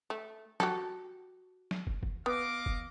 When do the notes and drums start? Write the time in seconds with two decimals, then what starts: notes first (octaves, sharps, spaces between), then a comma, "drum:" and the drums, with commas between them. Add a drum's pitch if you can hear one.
0.10 A3
0.60 F#4 G4 A4, drum: snare
1.71 drum: snare
1.87 drum: kick
2.03 drum: kick
2.26 B3 D#5 F5 D6
2.66 drum: kick